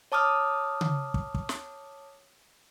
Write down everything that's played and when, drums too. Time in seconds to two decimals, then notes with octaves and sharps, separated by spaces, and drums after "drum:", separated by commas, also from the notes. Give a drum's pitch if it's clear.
0.12 C#5 A5 D6 D#6 F6
0.81 drum: tom C#3
1.14 drum: kick
1.34 drum: kick
1.49 drum: snare